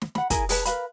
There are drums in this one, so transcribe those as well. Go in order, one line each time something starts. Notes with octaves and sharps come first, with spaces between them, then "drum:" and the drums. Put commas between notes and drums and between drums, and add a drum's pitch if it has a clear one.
drum: snare
F#5 B5, drum: snare
E4 G#4 A#4 G#5, drum: kick, hi-hat
G#4 B4 A5, drum: open hi-hat
A#4 B4 F5 B5, drum: hi-hat